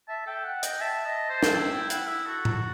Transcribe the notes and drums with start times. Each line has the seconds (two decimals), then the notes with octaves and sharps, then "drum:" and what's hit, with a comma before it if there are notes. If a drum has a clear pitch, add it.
0.08 E5 A5
0.26 A4 G5
0.45 F#5
0.63 D#5 G5, drum: hi-hat
0.81 E5 A5
1.06 D#5
1.29 C5
1.43 A5, drum: snare
1.54 E4 G5
1.72 G5
1.90 E4 F#5, drum: hi-hat
2.08 E5
2.26 F#4 A4
2.45 drum: tom A2